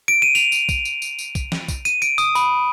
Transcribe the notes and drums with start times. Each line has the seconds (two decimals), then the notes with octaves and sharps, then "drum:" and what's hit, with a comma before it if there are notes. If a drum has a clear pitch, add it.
0.08 D7
0.22 D#7
0.35 F7, drum: tambourine
0.52 drum: tambourine
0.69 drum: kick, tambourine
0.85 drum: tambourine
1.02 drum: tambourine
1.19 drum: tambourine
1.35 drum: kick, tambourine
1.52 drum: snare
1.68 drum: kick, tambourine
1.85 D#7, drum: tambourine
2.02 D7, drum: tambourine
2.18 D#6, drum: tambourine
2.35 B5, drum: tambourine